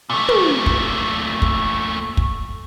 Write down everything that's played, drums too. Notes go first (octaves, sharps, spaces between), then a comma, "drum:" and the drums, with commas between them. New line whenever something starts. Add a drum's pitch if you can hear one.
A#2 A3
drum: tom
drum: kick
drum: kick
drum: kick